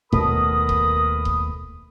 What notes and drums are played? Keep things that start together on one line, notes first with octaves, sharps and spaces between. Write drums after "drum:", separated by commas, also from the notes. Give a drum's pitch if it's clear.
D#2 B2 A3 A#4 B5 D#6, drum: kick D#1
drum: kick D#1
drum: kick D#1